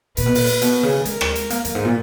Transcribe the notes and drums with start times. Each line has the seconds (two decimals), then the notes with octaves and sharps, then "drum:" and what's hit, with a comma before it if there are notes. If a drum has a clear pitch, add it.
0.17 A#2 B4, drum: hi-hat
0.26 B2
0.35 A#2, drum: open hi-hat
0.47 drum: hi-hat
0.62 B2, drum: hi-hat
0.83 C#3
1.05 G#3 A#4, drum: hi-hat
1.21 drum: rim click
1.36 drum: hi-hat
1.50 A#3, drum: hi-hat
1.65 F#2, drum: hi-hat
1.75 G#2
1.85 A#2